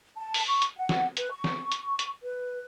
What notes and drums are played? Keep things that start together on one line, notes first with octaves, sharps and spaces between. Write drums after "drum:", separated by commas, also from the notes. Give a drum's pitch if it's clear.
A5
drum: open hi-hat
C#6
drum: hi-hat
F#5
drum: snare
B4, drum: hi-hat
C#6
drum: snare
drum: hi-hat
drum: hi-hat
B4